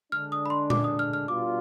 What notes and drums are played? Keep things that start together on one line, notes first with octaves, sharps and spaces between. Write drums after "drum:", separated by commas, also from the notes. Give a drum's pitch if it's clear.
D3 G#3 D4 F6
D#6
B5
C6
D6, drum: tom A#2
D#6
F6
F6
B2 G3 D4 F4 D6